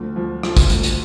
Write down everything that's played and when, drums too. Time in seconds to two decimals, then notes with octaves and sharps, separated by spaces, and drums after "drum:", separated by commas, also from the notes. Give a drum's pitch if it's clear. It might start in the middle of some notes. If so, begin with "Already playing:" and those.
Already playing: D2 F3
0.16 F3
0.43 F3, drum: rim click
0.57 drum: kick, hi-hat
0.70 D2, drum: hi-hat
0.83 drum: hi-hat